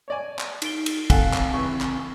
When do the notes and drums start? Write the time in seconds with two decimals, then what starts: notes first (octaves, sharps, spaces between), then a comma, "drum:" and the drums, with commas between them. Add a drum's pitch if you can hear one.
0.08 C#5 D5 G#5
0.39 drum: clap
0.62 D#4 D7 G7, drum: cymbal
0.86 drum: cymbal
1.10 C4 A4 F5 F#5 G#5, drum: kick, cymbal
1.34 drum: clap
1.54 C#3 E3 B4 C#6
1.81 drum: clap